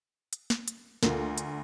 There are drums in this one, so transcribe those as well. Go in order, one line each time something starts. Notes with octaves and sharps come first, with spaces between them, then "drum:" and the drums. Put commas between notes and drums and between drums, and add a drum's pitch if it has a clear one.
drum: hi-hat
drum: snare
drum: hi-hat
D2 F4 A4 A#4, drum: snare
drum: hi-hat